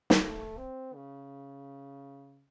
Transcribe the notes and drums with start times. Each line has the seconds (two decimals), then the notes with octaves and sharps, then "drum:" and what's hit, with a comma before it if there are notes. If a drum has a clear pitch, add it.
0.10 drum: snare
0.20 A3
0.57 C4
0.95 C#3